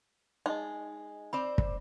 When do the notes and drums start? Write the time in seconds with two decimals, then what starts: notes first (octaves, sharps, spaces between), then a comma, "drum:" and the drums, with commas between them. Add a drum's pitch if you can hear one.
0.46 G#3 D#4 D#5
1.33 C4 C5 D5 B5
1.58 drum: kick